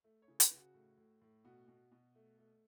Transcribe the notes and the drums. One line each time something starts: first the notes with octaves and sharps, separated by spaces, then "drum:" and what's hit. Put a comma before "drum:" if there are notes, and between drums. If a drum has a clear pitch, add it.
A3
C#5
C#3
B4, drum: hi-hat
C#3
F#4
A2
A2
A2
B2 F#4
B2
B2
A3
A3